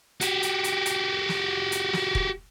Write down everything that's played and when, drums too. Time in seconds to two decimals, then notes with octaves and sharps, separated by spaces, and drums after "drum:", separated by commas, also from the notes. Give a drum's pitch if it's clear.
0.21 F#4 G4, drum: hi-hat
0.43 drum: hi-hat
0.64 drum: hi-hat
0.86 drum: hi-hat
1.29 drum: snare
1.72 drum: hi-hat
1.93 drum: snare
2.15 drum: kick